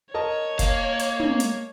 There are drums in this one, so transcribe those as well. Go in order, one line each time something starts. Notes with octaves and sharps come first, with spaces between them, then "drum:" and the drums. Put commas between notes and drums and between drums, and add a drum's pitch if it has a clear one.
A#4 C#5 D#5 A5
A#3 F5, drum: kick F1, hi-hat
drum: hi-hat
drum: tom
drum: hi-hat